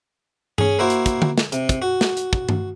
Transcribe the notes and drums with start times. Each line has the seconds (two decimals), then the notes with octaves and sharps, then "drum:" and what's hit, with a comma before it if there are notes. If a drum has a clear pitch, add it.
0.58 C#4 G#4, drum: tom G2
0.79 A#3 E4 F#4 C5
0.90 drum: hi-hat
1.06 drum: kick, hi-hat
1.22 drum: tom
1.38 drum: snare
1.52 C3, drum: hi-hat
1.69 drum: kick, hi-hat
1.82 F#4
2.01 drum: snare
2.17 drum: hi-hat
2.33 drum: kick
2.49 drum: tom G2